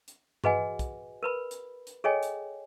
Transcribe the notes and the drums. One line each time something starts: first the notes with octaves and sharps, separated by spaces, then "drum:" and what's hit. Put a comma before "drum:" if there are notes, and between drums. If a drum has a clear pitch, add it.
drum: hi-hat
F#4 G#4 B4 D#5 F#5 G#5, drum: tom G2
drum: kick, hi-hat
A#4 B4 B5
drum: hi-hat
drum: hi-hat
G#4 A4 C#5 D#5 G5 G#5
drum: hi-hat